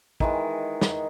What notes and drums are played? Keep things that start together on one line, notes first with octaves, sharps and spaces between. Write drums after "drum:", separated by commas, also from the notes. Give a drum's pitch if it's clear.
D#3 E3 G#3, drum: kick
drum: snare